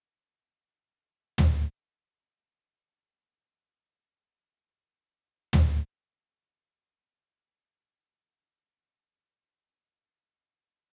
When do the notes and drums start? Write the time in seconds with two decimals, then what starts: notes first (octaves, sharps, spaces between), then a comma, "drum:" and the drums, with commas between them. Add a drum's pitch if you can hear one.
0.12 B4
0.74 E5
1.38 drum: tom
2.35 A5 A#5 C6 G#6
5.53 drum: tom
6.62 C3 C4 D4 F4
7.49 F3 G3 G#3 E4
7.86 E3 A#3 E4 A4 B4
8.53 A5
10.14 D#5